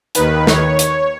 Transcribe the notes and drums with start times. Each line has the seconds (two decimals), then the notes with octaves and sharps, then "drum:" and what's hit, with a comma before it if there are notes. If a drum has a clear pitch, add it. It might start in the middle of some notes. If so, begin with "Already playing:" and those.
0.15 D#2 D#3 B4, drum: hi-hat
0.47 C#5, drum: snare
0.79 drum: hi-hat